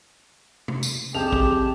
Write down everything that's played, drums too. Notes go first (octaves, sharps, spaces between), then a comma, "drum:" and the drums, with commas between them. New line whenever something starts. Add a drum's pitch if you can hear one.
drum: tom C3
drum: tambourine
C2 F2 G4 G#4 A5 F7
drum: kick